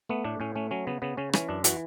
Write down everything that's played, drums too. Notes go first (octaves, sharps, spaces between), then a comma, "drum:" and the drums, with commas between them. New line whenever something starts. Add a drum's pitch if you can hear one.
A3 B3
A2 D4
A2 C#4
A3 C#4
F#3 C#4
C#3 B3
C#3 B3
C#3 C#4
E3 C#4, drum: rim click
F#2 D4
E3 F#4, drum: hi-hat